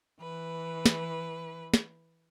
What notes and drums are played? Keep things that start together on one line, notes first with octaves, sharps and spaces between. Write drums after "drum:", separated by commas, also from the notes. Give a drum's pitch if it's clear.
E3 B4
drum: snare
drum: snare